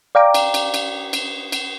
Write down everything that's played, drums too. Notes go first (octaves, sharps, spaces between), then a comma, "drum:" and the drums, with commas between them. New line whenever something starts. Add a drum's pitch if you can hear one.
D5 F5 G5 A#5 D6
drum: cymbal
drum: cymbal
drum: cymbal
drum: cymbal
drum: cymbal